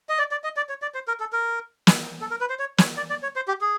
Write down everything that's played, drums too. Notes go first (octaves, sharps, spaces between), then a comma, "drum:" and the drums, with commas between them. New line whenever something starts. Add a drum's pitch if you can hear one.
D#5
D5
D5
D#5
D5
C#5
D5
C5
A#4
A4
A#4
drum: snare
A4
A#4
B4
C5
C#5
C#5, drum: snare
D5
D5
C#5
C5
G4
G#4